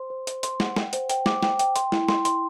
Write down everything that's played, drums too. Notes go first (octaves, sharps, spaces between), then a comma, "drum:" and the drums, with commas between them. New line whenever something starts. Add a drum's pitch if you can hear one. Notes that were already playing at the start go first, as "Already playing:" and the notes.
Already playing: C5 C6
C5
C5, drum: hi-hat
C6, drum: hi-hat
F#5, drum: snare
G5, drum: snare
C5, drum: hi-hat
G5, drum: hi-hat
D6, drum: snare
G5, drum: snare
G5, drum: hi-hat
C6, drum: hi-hat
E4, drum: snare
C6, drum: snare
C6, drum: hi-hat